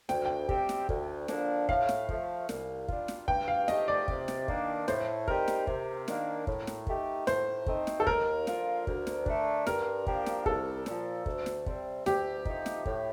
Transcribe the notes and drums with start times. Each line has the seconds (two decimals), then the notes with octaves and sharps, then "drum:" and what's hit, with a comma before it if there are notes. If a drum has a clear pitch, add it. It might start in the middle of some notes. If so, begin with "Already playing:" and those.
0.09 D2 G5, drum: snare
0.25 G5
0.49 C3 G3 C4 G4, drum: kick
0.69 drum: snare
0.89 D2, drum: kick
1.28 D3 F3 A#3 D4, drum: snare
1.69 A2 F5, drum: kick
1.89 drum: snare
2.09 F3 A3, drum: kick
2.49 C2, drum: snare
2.88 A#2 G3 D4 F4, drum: kick
3.08 drum: snare
3.28 G2 G5, drum: kick
3.48 F5
3.68 F3 A3 D#4 G4 D#5, drum: snare
3.88 D5
4.08 C3, drum: kick
4.28 drum: snare
4.48 D#3 A#3 D4, drum: kick
4.88 A2 C5, drum: snare
5.28 G3 C4 D#4 G4 A#4, drum: kick
5.48 drum: snare
5.67 C3, drum: kick
6.08 D#3 A#3 D4, drum: snare
6.47 A2, drum: kick
6.67 drum: snare
6.87 A3 D#4 G4, drum: kick
7.27 A2 C5, drum: snare
7.66 A3 C4 D#4, drum: kick
7.87 drum: snare
8.00 A4
8.07 D#2 A#4, drum: kick
8.47 D3 F3 A#3 F4, drum: snare
8.87 D2, drum: kick
9.07 drum: snare
9.26 D3 A3 D4, drum: kick
9.67 G2 A#4, drum: snare
10.07 F3 A#3 D4 G4, drum: kick
10.26 drum: snare
10.46 C2 A4, drum: kick
10.86 A#2 F3, drum: snare
11.26 D2, drum: kick
11.46 drum: snare
11.66 C3 G3 C4, drum: kick
12.06 D2 G4, drum: snare
12.45 C3 F3 A3 D#4, drum: kick
12.66 drum: snare
12.85 A2, drum: kick